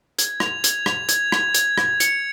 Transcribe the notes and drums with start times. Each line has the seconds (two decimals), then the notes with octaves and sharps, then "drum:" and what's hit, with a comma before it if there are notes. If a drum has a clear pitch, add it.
0.19 G#6, drum: hi-hat
0.40 F7, drum: rim click
0.64 G#6, drum: hi-hat
0.86 F7, drum: rim click
1.09 G#6, drum: hi-hat
1.32 G#6, drum: rim click
1.54 G#6, drum: hi-hat
1.78 G#6, drum: rim click
2.00 C#7, drum: hi-hat